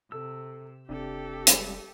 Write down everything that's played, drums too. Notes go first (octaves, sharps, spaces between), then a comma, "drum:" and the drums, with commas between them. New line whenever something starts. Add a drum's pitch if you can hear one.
C3 A4 E6
F1 C3 D4 G4 A4
G3 G#3, drum: hi-hat